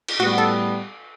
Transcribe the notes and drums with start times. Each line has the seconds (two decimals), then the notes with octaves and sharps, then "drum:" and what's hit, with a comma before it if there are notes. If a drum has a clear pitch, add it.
0.08 drum: cymbal
0.19 A2 G3 B3 F#4
0.38 A4